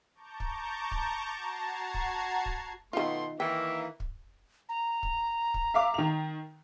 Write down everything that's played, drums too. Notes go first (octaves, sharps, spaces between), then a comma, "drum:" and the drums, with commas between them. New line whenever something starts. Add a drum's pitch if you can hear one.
A5 A#5 C#6 D6 G6
drum: kick
drum: kick
F#4 A5 A#5 G#6 C7
drum: kick
drum: kick
B2 D#3 A3 F4 C6
D#3 E3 A#3 E5 G5
drum: kick
A#5
drum: kick
drum: kick
E5 F5 D6
D#3 F7